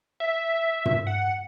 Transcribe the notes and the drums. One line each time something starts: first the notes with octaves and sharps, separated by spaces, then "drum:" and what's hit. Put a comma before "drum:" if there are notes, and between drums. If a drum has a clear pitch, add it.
E5
drum: tom
F#5